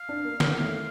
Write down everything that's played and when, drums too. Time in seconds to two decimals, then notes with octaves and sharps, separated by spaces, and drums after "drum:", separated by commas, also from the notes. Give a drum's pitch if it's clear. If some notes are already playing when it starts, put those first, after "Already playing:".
Already playing: F5
0.09 D4
0.25 A#3
0.40 A#3, drum: snare
0.60 A3